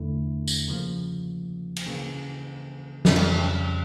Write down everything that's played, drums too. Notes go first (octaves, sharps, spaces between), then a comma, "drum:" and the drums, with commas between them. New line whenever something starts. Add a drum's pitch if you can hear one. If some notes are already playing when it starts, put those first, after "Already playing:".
Already playing: E2 D3 A3 E4
drum: tambourine
C#3 F3 A#3
drum: cymbal
C#3 E3 A#3
F2 C#3 G3 C#4, drum: snare
drum: cymbal